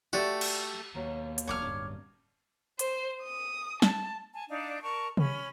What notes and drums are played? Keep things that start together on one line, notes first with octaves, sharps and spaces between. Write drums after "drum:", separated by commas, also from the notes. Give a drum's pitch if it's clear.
A3 F#4 G4 D5 E5
drum: cymbal
D#2 B2 D#3 F#3 A#3
drum: hi-hat
E1 B1 E2 D4 D#4 C#5 D6 F6
D1 G2 C#4
C5, drum: hi-hat
D#6
A5, drum: snare
G#5 A5
D4 D#4 D5 F5
A#4 D5 A5 C#6
C#4 B5, drum: tom C3